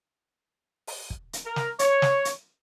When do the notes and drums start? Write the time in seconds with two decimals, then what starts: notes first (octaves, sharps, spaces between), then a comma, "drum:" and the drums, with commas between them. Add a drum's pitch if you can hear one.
0.87 drum: open hi-hat
1.10 drum: kick
1.33 drum: hi-hat
1.46 A#4
1.56 drum: snare
1.79 C#5, drum: hi-hat
2.02 drum: snare
2.25 drum: hi-hat